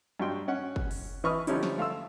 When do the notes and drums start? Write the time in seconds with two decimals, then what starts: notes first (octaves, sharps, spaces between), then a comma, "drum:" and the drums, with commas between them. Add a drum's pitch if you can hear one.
0.20 G2 F#3 F#4 G5 C6
0.48 C#4 F#5
0.76 drum: kick
0.91 drum: open hi-hat
1.24 E3 B4 B5 C#6 D#6 F6
1.47 D3 F3 G3 C#4 D#4 E4, drum: hi-hat
1.63 drum: snare
1.78 A3 F5 C6 E6